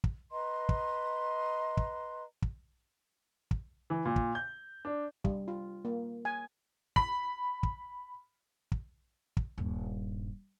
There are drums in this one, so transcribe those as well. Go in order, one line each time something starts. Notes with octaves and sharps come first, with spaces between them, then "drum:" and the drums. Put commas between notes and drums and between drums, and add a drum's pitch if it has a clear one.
drum: kick
B4 D#5 A#5 C6
drum: kick
drum: kick
drum: kick
drum: kick
E3
A#2
drum: kick
G6
D4
G3, drum: kick
F4
A#3
G#5
B5, drum: kick
drum: kick
drum: kick
drum: kick
D#1 G2